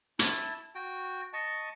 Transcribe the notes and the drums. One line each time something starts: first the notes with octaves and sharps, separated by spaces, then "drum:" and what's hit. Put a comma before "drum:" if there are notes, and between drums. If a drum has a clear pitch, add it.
E4 A5, drum: hi-hat
F#4 G5
D#5 A5 C#6